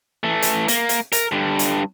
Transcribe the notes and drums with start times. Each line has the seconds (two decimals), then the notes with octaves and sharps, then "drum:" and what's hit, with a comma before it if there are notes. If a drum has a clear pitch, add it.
0.24 E3 A3
0.42 drum: hi-hat
0.68 A#3, drum: hi-hat
0.89 drum: hi-hat
1.12 A#4, drum: hi-hat
1.32 G2 D3
1.59 drum: hi-hat